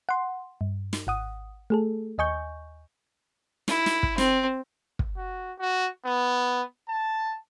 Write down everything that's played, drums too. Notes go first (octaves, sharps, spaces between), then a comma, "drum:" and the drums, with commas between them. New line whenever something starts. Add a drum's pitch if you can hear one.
F#5 C6
G2
drum: snare
G#1 F#5 D#6
A3 G#4 A4
D#2 D#5 G#5 C#6 G6
E4, drum: snare
drum: snare
drum: kick
C4, drum: snare
drum: kick
F#4
F#4
B3
A5